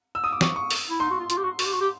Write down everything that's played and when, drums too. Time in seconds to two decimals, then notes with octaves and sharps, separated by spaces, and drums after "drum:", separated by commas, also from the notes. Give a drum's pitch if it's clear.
0.15 E6
0.24 D#6
0.33 D6
0.41 C#6, drum: snare
0.56 C#6
0.71 drum: open hi-hat
0.90 E4
1.00 D#4 C6
1.10 F#4
1.19 F4
1.30 F4, drum: hi-hat
1.37 G4
1.44 F#4
1.59 F#4, drum: open hi-hat
1.66 G4
1.73 F#4
1.80 G4